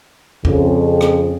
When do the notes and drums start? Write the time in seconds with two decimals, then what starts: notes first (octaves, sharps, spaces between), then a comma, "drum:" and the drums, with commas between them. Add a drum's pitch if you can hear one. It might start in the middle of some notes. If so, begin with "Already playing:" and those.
0.45 F2 C#3, drum: kick C#2
1.01 drum: rim click